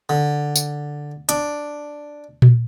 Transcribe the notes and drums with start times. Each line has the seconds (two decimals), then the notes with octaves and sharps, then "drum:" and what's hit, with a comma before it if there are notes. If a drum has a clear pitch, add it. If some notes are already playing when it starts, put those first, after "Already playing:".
0.09 D3
0.56 drum: tambourine
1.29 D4, drum: hi-hat
2.42 drum: tom A#2